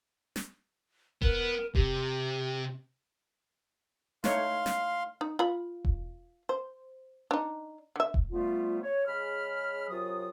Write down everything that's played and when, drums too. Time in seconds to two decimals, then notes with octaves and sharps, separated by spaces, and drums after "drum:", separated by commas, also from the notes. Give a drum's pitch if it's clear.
0.36 drum: snare
1.22 B3 A#4, drum: kick E1
1.75 C3 G4, drum: kick E1
4.24 A3 D#4 C#5 F5 C6, drum: snare
4.66 drum: snare
5.21 D#4
5.39 F4 B5
5.85 drum: kick E1
6.49 C5
7.31 D4 D#4
7.96 D3 E5
8.14 drum: kick E1
8.32 F2 D3 G3 A3 B3 F4
8.82 C#5
9.07 C#3 G#3 C#5 B5 F6
9.89 F#2 C3 F#3 F4 F#4 D#6